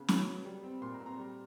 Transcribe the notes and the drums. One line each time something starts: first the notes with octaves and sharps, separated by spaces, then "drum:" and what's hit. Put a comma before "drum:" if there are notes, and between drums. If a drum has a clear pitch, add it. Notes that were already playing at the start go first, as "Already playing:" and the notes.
Already playing: C#3 B3
F#3, drum: snare
B3
G3
C4
A#2 C6
A#5
C4
A#5
G3